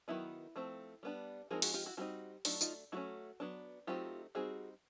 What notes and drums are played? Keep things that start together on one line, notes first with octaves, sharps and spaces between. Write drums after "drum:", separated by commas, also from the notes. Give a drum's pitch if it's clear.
D#3 F#3 B3 D#4 E4
F3 A3 C4
G3 B3 D4
F3 G#3 C4 D#4 G#4 A#4
F#4 G#4, drum: open hi-hat
F4 G4
E4 F#4
G3 C4 D#4 E4 F#4
F#3 A3 D4 D#4 F4, drum: open hi-hat
D#4 F4, drum: tambourine
F#3 A3 C#4 E4 F#4
F#3 B3 D4
F#3 A3 C4 D#4 F4 G4
G3 C4 D#4 F#4 G#4